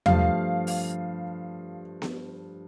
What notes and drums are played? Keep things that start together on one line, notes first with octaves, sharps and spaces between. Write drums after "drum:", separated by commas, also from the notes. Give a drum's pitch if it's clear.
G2 F3 A3 F5, drum: tom E2
drum: open hi-hat
drum: snare B3